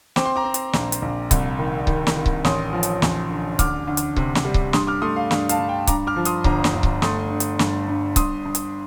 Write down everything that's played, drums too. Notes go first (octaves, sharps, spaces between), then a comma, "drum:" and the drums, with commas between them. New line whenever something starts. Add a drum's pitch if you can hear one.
C4 D6, drum: snare
C6
A#5 D6
C4
drum: hi-hat
A#1, drum: snare
drum: hi-hat
A#1
C2, drum: kick C#1, hi-hat
D#3
D#3, drum: kick C#1
drum: snare
D#3
drum: kick C#1
A1 C6 D#6, drum: snare
F3
drum: hi-hat
A1, drum: snare
D3
D2 D6 F6, drum: kick C#1, hi-hat
D2
drum: hi-hat
C3, drum: kick C#1
drum: snare
G3
drum: kick C#1
G2 C6 D#6, drum: snare
D6 F6
A3 C6 D#6
F5
G2 F5, drum: snare
F5 A5, drum: hi-hat
G2
G5
G2 A#5 D6, drum: kick C#1, hi-hat
D6 F6
F3
C6 D#6, drum: hi-hat
G1 A#5 D6, drum: kick C#1
drum: snare
G1
drum: kick C#1
A3 C6 D#6, drum: snare
D3
drum: hi-hat
G2, drum: snare
G2
G2 C6 D#6, drum: kick C#1, hi-hat
G2
drum: hi-hat